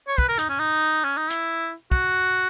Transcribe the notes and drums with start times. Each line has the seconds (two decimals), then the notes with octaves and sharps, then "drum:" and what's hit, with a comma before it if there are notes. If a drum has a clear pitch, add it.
0.08 C#5
0.18 B4, drum: kick
0.28 A#4
0.39 D#4, drum: hi-hat
0.49 C#4
0.59 D#4
1.04 C#4
1.17 D#4
1.30 E4, drum: hi-hat
1.92 F#4, drum: kick